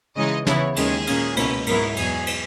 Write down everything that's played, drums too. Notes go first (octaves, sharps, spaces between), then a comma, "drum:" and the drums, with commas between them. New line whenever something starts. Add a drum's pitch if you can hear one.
C#3 E3 G#3 D#4 D#5
C#3 E3 B3 E4 C#5, drum: snare
D#2 D#3 G#3 C#4 G#4, drum: cymbal
A#2 A#3 C#4, drum: cymbal
C#2 B2 A#3 C#4 E4, drum: cymbal
G#2 F#3 B3 E4 A#4, drum: cymbal
E2 B2 F#3 G#4, drum: cymbal
drum: cymbal